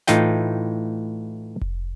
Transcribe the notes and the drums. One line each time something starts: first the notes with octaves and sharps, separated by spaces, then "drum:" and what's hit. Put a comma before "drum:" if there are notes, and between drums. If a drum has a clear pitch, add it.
A2 E3 D#4 F4 G5, drum: snare
drum: kick F1